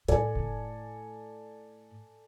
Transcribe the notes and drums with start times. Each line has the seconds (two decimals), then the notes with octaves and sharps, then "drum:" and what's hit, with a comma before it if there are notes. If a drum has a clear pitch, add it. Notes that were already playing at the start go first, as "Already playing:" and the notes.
0.08 A2 A4 D5 G#5, drum: hi-hat
0.36 drum: kick F#1